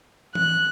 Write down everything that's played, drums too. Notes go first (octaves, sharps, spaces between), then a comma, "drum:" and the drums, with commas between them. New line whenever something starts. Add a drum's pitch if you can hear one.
F#6, drum: tom E3